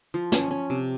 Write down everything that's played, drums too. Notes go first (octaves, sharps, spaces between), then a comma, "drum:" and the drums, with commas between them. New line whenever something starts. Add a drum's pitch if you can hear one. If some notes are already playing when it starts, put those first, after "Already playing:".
F3
C#4, drum: snare
C#4
C3